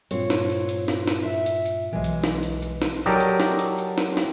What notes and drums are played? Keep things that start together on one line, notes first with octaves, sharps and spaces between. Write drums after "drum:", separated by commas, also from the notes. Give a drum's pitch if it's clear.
G2 A#2 C4 F4 C#5, drum: hi-hat
drum: snare
drum: hi-hat
drum: hi-hat
drum: snare
drum: snare
E5
drum: hi-hat
drum: hi-hat
B1 B2 E3 G#3
drum: hi-hat
drum: snare
drum: hi-hat
drum: hi-hat
drum: snare
F#3 G4 A4 A#4 D5 D#5
drum: hi-hat
drum: snare
drum: hi-hat
drum: hi-hat
drum: snare
drum: snare